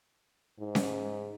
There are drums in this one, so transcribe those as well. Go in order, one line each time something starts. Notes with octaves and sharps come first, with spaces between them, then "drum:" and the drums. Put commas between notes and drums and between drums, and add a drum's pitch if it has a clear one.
G#2
drum: snare C#4